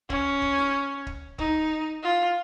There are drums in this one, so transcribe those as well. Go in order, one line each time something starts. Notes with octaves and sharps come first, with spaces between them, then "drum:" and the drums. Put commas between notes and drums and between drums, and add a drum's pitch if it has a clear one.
C#4, drum: kick
drum: kick
drum: snare
drum: kick
D#4, drum: kick
F4